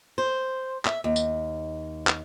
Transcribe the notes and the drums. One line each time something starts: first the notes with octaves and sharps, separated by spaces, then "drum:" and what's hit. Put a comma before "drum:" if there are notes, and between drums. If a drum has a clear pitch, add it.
C5
E5, drum: clap
D#2
drum: tambourine
drum: clap